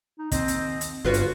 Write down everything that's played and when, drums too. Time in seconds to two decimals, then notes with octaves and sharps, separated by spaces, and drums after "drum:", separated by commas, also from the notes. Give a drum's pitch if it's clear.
0.19 D#4
0.32 D#2 C4 D#5, drum: kick, hi-hat
0.48 drum: hi-hat
0.81 drum: hi-hat
1.05 G1 F4 F#4 B4 C#5
1.14 drum: hi-hat